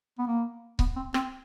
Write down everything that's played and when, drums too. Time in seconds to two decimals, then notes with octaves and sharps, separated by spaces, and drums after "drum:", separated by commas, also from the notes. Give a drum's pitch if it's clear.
0.19 B3
0.27 A#3
0.79 B3, drum: kick C#1
0.96 C4
1.14 C4, drum: rim click